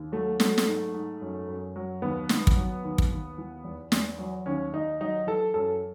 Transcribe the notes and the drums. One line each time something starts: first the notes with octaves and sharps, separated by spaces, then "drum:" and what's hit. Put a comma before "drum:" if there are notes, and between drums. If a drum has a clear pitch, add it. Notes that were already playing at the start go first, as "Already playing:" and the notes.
Already playing: D#2
F#3 A3
F#3 A3, drum: snare
drum: snare
G#2
G#2
F#2
F#2
F#3
D#2 B3
D#2, drum: snare
drum: kick
F#3
D#2
drum: kick
D#2
E3
E2
E2, drum: snare
F#3
D#2 C#4
D#2 D#4
F#3 D#4
E3 A4
F#2 A4